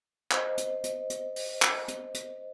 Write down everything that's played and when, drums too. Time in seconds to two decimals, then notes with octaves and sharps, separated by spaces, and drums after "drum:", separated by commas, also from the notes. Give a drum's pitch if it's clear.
0.31 C5 D#5, drum: clap
0.57 drum: hi-hat
0.84 drum: hi-hat
1.10 drum: hi-hat
1.36 drum: open hi-hat
1.62 drum: clap
1.88 drum: hi-hat
2.14 drum: hi-hat